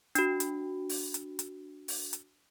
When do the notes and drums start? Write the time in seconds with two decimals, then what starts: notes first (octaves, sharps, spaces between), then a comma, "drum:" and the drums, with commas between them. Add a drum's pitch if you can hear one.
0.15 D4 F#4, drum: hi-hat
0.40 drum: hi-hat
0.89 drum: open hi-hat
1.14 drum: hi-hat
1.39 drum: hi-hat
1.88 drum: open hi-hat
2.13 drum: hi-hat